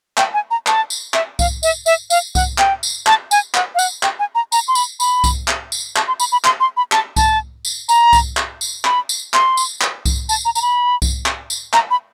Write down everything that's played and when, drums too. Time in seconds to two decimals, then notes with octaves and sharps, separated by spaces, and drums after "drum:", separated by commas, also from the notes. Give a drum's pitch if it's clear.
0.18 G5, drum: clap
0.34 G#5
0.51 A#5
0.67 A5, drum: clap
0.90 drum: tambourine
1.14 E5, drum: clap
1.39 F5, drum: kick C2, tambourine
1.63 E5, drum: tambourine
1.86 E5, drum: tambourine
2.10 F5, drum: tambourine
2.35 F#5, drum: kick C2, tambourine
2.58 G5, drum: clap
2.83 drum: tambourine
3.07 A5, drum: clap
3.31 G#5, drum: tambourine
3.55 F#5, drum: clap
3.75 F5
3.79 F#5, drum: tambourine
4.03 G5, drum: clap
4.19 G#5
4.35 A#5
4.52 A#5, drum: tambourine
4.68 C6
4.75 B5, drum: tambourine
5.00 B5, drum: tambourine
5.24 drum: kick C2, tambourine
5.48 drum: clap
5.72 drum: tambourine
5.96 A5, drum: clap
6.08 C6
6.20 B5, drum: tambourine
6.32 B5
6.45 C6, drum: clap
6.60 C6
6.77 B5
6.92 A5, drum: clap
7.16 A5, drum: kick C2, tambourine
7.65 drum: tambourine
7.89 A#5, drum: tambourine
8.13 drum: kick C2, tambourine
8.37 drum: clap
8.61 drum: tambourine
8.85 B5, drum: clap
9.09 drum: tambourine
9.34 C6, drum: clap
9.57 drum: tambourine
9.81 drum: clap
10.05 drum: kick C2, tambourine
10.29 A5, drum: tambourine
10.45 A#5
10.55 A#5, drum: tambourine
10.62 B5
11.02 drum: kick C2, tambourine
11.26 drum: clap
11.50 drum: tambourine
11.74 A#5, drum: clap
11.90 B5